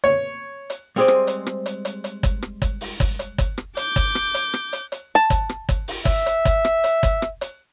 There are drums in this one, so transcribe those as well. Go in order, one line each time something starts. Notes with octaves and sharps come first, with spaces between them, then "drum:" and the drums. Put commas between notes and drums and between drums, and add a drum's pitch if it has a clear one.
C#5
drum: hi-hat
G3 G#3 C4 G#4 C5 D5
drum: rim click
drum: hi-hat
drum: rim click
drum: hi-hat
drum: hi-hat
drum: hi-hat
drum: kick, hi-hat
drum: rim click
drum: kick, hi-hat
drum: open hi-hat
drum: kick, hi-hat
drum: hi-hat
drum: kick, hi-hat
drum: rim click
D6 G6, drum: hi-hat
drum: kick, hi-hat
drum: rim click
drum: hi-hat
drum: rim click
drum: hi-hat
drum: hi-hat
A5
drum: kick, hi-hat
drum: rim click
drum: kick, hi-hat
drum: open hi-hat
E5, drum: kick, hi-hat
drum: hi-hat
drum: kick, hi-hat
drum: rim click
drum: hi-hat
drum: kick, hi-hat
drum: rim click
drum: hi-hat